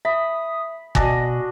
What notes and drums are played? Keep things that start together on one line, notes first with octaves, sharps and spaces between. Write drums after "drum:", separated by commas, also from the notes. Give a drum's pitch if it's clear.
E5 B5 D#6
B2 D4 F#4 D#5 G#5, drum: kick